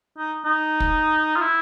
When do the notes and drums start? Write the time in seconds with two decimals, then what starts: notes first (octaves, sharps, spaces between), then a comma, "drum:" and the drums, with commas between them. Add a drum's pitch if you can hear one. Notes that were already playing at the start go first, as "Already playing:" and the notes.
0.18 D#4
0.46 D#4
0.80 drum: kick
1.36 F4
1.42 E4